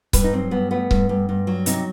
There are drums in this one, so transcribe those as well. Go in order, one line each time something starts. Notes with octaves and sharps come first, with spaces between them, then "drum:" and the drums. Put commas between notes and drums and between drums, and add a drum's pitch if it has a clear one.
G2 B4, drum: kick C#1, hi-hat
D#4
F#3 C4
G2 B3
A3 B3
G2, drum: kick C#1
G2
G2
F#3
C3 D#4, drum: hi-hat